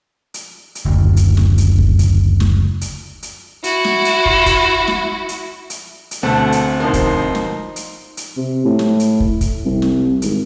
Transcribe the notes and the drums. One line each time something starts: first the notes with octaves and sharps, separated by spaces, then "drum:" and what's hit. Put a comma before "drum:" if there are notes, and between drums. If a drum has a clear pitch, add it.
drum: hi-hat
drum: hi-hat
F#1 D2
drum: hi-hat
drum: snare
drum: hi-hat
drum: kick
drum: kick, hi-hat
drum: snare
drum: hi-hat
drum: hi-hat
E4 F#4, drum: hi-hat
drum: snare
drum: hi-hat
drum: kick
drum: kick, hi-hat
drum: snare
drum: hi-hat
drum: hi-hat
drum: hi-hat
D2 B2 A3 C4 F#5 A5
drum: hi-hat
B2 F3 D#4 A#4 C5
drum: kick, hi-hat
drum: snare
drum: hi-hat
drum: hi-hat
C3
A2
drum: snare
drum: hi-hat
drum: kick
drum: kick, hi-hat
C2
drum: snare
G#1, drum: hi-hat